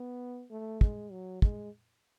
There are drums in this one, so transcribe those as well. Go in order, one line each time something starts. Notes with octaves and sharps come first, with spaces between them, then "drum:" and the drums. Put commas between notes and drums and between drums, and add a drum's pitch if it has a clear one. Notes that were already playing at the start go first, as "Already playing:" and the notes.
Already playing: B3
A3
G#3, drum: kick
F#3
G#3, drum: kick